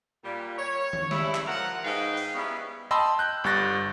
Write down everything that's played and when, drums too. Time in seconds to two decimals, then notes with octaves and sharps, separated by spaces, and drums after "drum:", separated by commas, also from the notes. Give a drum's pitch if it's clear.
0.24 A#2 G3
0.58 C#5
0.93 drum: tom D#3
1.11 G2 C#3 G3 E4, drum: snare
1.34 drum: clap
1.47 F3 A#4 F#5
1.84 G#2 D#4 B4 F5 G5
2.17 drum: open hi-hat
2.34 G3 B3 C#4 D#4 E4 G#4
2.91 D#5 G5 A5 B5 C6 E6
3.19 F#6 G6
3.44 G1 G3 C#6 F#6 A6 A#6